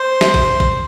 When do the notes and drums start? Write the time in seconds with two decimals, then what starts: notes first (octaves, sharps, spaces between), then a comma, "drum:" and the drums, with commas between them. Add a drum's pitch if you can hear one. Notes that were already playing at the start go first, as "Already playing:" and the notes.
Already playing: C5
0.21 drum: snare
0.34 drum: kick
0.60 drum: kick